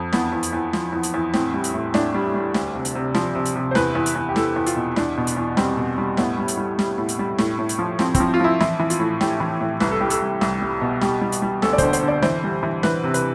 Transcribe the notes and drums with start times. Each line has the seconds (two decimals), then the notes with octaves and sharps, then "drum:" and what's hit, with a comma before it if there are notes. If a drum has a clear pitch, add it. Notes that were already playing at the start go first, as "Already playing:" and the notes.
Already playing: F2
0.13 E2 B3, drum: snare
0.32 E2
0.43 drum: hi-hat
0.53 E2
0.73 F3, drum: snare
0.93 E2
1.03 drum: hi-hat
1.14 E2
1.33 A2 C4, drum: snare
1.54 G3
1.64 drum: hi-hat
1.74 A2
1.94 A2 D4, drum: snare
2.14 G3
2.34 G3
2.54 D2, drum: snare
2.75 C3
2.85 drum: hi-hat
2.95 C3
3.14 F3, drum: snare
3.35 C3
3.45 drum: hi-hat
3.55 C3
3.71 C5
3.75 E2 B4, drum: snare
3.95 E2
4.06 drum: hi-hat
4.15 E2
4.29 G4
4.36 E2 A4, drum: snare
4.56 E2
4.66 F4, drum: hi-hat
4.76 B2
4.96 E2 D4, drum: snare
5.17 B2
5.27 drum: hi-hat
5.37 E2
5.57 G3 C4, drum: snare
5.77 B2
5.98 G3
6.17 A2 B3, drum: snare
6.38 G3
6.48 drum: hi-hat
6.57 G3
6.79 G3, drum: snare
6.98 A2
7.09 drum: hi-hat
7.19 G3
7.38 A2, drum: snare
7.59 A2
7.69 drum: hi-hat
7.79 F3
7.99 F3 C4, drum: snare
8.15 C4, drum: kick, hi-hat
8.20 F3
8.34 F4
8.40 F3 E4
8.60 E3 E4, drum: snare
8.79 E3
8.90 F4, drum: hi-hat
9.00 A2
9.21 A2 G4, drum: snare
9.40 E3
9.61 A2
9.80 C2 B4, drum: snare
9.91 A4
10.00 G3 G4
10.10 A4, drum: hi-hat
10.22 C2
10.41 C2, drum: snare
10.62 G3
10.81 B2
11.01 G3 G4, drum: snare
11.22 G3
11.32 drum: hi-hat
11.42 G3
11.62 D2 A4, drum: snare
11.73 D5
11.78 D3 C5, drum: kick, hi-hat
11.93 C5, drum: hi-hat
12.03 D3 D5
12.22 E3 C5, drum: snare
12.44 G3
12.63 E3
12.83 E3 B4, drum: snare
13.04 C3
13.14 B4, drum: hi-hat